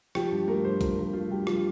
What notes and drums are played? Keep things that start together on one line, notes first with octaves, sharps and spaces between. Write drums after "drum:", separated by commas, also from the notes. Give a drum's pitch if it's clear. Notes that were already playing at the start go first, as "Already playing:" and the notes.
F3 G4, drum: rim click
G2
A3 A#4
G2 C5
F3 A#4, drum: kick B1, hi-hat
G2 A#4
A3 F4
G2 G4
F3 F4, drum: rim click